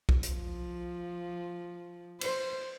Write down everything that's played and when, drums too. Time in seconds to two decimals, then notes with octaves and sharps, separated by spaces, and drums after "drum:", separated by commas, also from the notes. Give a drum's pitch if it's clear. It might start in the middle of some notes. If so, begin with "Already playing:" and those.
0.09 drum: kick B1
0.23 F3, drum: hi-hat
2.21 C5, drum: cymbal